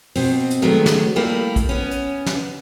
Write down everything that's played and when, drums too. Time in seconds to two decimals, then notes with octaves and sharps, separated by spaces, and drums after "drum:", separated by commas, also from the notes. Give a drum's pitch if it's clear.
0.16 B2 C4, drum: open hi-hat
0.51 drum: hi-hat
0.62 D#3 F#3 G#3 A3 B3
0.86 drum: snare
1.16 G3 A3 A#3 E4
1.56 drum: kick A#1, hi-hat
1.69 B3 C#4
1.91 drum: hi-hat
2.26 drum: snare